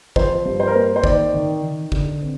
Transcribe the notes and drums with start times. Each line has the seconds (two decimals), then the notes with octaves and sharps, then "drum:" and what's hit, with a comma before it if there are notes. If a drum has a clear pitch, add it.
0.16 F3 C5, drum: kick
0.45 G2
0.60 C5
0.67 A#4
0.75 A#3 C5
0.96 C5
1.04 D#3 D5, drum: kick
1.34 D#3
1.63 D#3
1.92 D3, drum: kick
2.22 C4